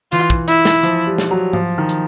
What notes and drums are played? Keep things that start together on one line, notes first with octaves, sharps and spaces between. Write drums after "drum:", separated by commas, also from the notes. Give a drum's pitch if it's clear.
E3 F4, drum: hi-hat
drum: kick
E4, drum: hi-hat
drum: snare
F3, drum: hi-hat
G3
drum: snare
F#3
F3, drum: tom G#2
D#3
drum: hi-hat